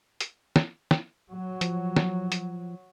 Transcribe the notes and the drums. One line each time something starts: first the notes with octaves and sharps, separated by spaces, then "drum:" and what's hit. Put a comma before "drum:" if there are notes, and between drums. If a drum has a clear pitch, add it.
drum: hi-hat
drum: snare
drum: snare
F#3
F3, drum: hi-hat
drum: snare
drum: hi-hat